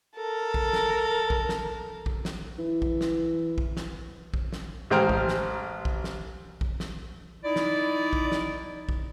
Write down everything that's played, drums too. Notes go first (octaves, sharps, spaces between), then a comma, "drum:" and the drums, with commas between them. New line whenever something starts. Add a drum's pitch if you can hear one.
A4 A#4
drum: kick A#1
drum: snare
drum: kick A#1
drum: snare
drum: kick A#1
drum: snare
E3
drum: kick A#1
drum: snare
drum: kick A#1
drum: snare
drum: kick A#1
drum: snare
A1 G#3 C5 G5 A#5 F6
drum: kick A#1
drum: snare
drum: kick A#1
drum: snare
drum: kick A#1
drum: snare
D#4 E4 D5
drum: snare
drum: kick A#1
drum: snare
drum: kick A#1